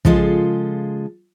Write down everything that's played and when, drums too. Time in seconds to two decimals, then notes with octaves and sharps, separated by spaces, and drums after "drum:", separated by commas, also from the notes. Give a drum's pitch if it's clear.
0.05 C#3 F3 G#3 F4 A4, drum: kick